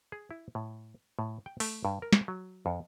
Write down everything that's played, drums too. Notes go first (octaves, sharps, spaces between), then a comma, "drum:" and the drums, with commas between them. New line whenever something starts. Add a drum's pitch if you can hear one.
G#4
E4
A2
A2
G5
A3, drum: open hi-hat
G2
A#4
drum: snare
F#3
F2